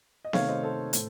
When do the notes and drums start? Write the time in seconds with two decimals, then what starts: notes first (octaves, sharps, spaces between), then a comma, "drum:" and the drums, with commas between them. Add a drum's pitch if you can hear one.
0.25 D#5
0.33 C3 D#3 A3 C#5 F5, drum: snare B3
0.48 C5 D#5
0.63 A4 C5
0.93 A2, drum: hi-hat